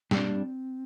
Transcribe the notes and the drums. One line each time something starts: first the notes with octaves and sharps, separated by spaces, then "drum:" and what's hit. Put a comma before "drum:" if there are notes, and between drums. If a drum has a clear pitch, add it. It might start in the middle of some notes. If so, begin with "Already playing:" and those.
G2 G3 C4 D4, drum: snare
A#3
C4